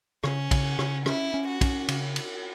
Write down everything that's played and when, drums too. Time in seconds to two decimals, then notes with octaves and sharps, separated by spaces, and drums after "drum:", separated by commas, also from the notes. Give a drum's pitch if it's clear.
0.24 C#3 C#4, drum: rim click
0.51 C#3, drum: kick, cymbal
0.79 C#3, drum: rim click
1.06 C#4 E4, drum: rim click
1.34 C#4
1.47 F#4
1.61 C#4, drum: kick, cymbal
1.88 C#3, drum: cymbal
2.16 drum: cymbal